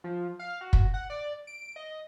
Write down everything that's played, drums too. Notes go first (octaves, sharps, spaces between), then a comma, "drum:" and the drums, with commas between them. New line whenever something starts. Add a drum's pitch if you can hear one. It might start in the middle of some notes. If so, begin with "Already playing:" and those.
F3
F5
F#4
drum: kick
F#5
D5
D7
D#5